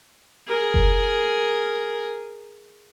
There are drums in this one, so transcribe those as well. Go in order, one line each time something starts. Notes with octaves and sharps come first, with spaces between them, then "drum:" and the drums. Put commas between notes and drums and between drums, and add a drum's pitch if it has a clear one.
G#4 A#4
drum: kick F#1